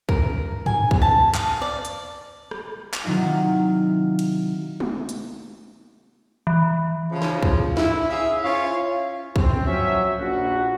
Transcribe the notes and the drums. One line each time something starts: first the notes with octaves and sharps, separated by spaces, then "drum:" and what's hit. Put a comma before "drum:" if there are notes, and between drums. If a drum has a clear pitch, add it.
A#4, drum: kick
G#5, drum: tom G2
drum: kick
A5
F5, drum: clap
D5
drum: hi-hat
drum: rim click
drum: clap
C3 D#3 F#3 E4 F4
drum: cymbal
drum: tom G#3
drum: hi-hat
E3
C#3 F3
drum: snare
drum: kick
E4, drum: snare
C#4 G#4 E5 F5
C#4 E4 F4 C#5 F5
C4, drum: kick
F3 F#3 C#4 E5
A#1 F#4